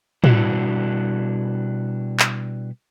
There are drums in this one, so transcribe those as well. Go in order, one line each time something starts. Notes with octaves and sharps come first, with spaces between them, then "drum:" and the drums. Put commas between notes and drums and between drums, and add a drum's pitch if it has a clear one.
B2 G3 D4 E4 F#4, drum: tom A2
drum: clap